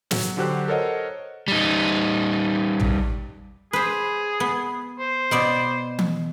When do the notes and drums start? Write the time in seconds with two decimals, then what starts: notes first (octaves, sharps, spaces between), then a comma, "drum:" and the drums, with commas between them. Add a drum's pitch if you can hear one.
0.11 F#3, drum: snare
0.37 D3 F#3 F#4 G4 C5 F#6
0.68 A4 A#4 C5 C#5 D#5 F#5
1.48 G3 D#4
2.80 drum: tom
3.73 G#4 B4 C5
4.40 B3
4.99 C5
5.31 B2 B3 D5
5.99 drum: tom E3